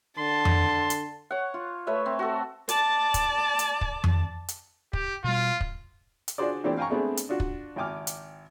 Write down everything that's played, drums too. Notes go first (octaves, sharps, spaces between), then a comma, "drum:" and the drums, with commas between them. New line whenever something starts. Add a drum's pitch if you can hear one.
D3 A5 C6
drum: tom F2
drum: hi-hat
C#5 F#5
F4
A3 B4 C#5 E5
C4
F#4 A4
D5 A5, drum: hi-hat
drum: kick, hi-hat
drum: hi-hat
drum: kick
drum: tom F2
drum: hi-hat
G4, drum: kick
B2 G3 F4
drum: kick
drum: hi-hat
D4 F4 F#4 G#4 C5 D5
A#2 E3 A3 C4 D4 G4
F5 G5 G#5 A#5 C#6
G#3 A3 B3 C4 D4 G#4
drum: hi-hat
D4 F4 F#4
drum: kick
G#1 E4 G5 G#5 D6 F6
drum: hi-hat